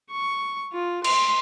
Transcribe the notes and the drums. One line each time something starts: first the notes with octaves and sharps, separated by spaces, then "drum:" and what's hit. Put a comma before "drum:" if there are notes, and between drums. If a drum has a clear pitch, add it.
C#6
F4
C6, drum: cymbal